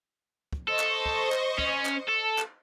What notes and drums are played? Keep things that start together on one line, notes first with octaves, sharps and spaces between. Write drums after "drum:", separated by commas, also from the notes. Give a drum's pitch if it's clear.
drum: kick
A4 C5 D#5 C#6
drum: clap
drum: kick
drum: clap
C#4, drum: kick
drum: clap
A4
drum: clap